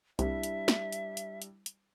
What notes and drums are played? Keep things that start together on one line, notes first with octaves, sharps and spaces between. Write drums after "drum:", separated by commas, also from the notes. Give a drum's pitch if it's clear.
C2 G3 D4 E4 E5, drum: hi-hat
drum: hi-hat
drum: snare
drum: hi-hat
drum: hi-hat
drum: hi-hat
drum: hi-hat